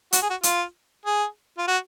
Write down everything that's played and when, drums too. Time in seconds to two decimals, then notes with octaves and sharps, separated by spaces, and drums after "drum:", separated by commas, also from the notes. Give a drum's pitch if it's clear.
0.13 F#4, drum: hi-hat
0.22 G#4
0.30 F#4
0.43 F4, drum: hi-hat
1.05 G#4
1.58 F4
1.68 F#4